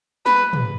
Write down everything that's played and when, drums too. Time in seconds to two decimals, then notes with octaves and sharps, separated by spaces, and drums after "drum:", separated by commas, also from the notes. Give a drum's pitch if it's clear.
0.26 B4, drum: snare
0.53 drum: tom